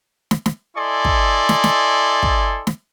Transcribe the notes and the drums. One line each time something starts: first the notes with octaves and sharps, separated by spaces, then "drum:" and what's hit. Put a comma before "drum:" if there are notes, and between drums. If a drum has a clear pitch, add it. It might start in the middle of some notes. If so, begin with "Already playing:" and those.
drum: snare
drum: snare
E4 A4 D5 D#5 G#5 C6
drum: kick
drum: snare
drum: snare
drum: kick
drum: snare